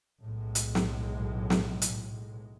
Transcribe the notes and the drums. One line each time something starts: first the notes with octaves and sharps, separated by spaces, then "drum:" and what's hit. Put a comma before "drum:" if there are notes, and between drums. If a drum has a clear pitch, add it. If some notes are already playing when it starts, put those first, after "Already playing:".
B1 A2 G#3
drum: hi-hat
drum: snare
drum: snare
drum: hi-hat